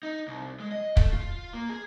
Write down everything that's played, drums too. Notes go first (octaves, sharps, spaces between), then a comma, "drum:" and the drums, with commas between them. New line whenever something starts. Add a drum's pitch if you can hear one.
D#4
C2
G#3
D#5
A3, drum: kick
F4
A#3
G#4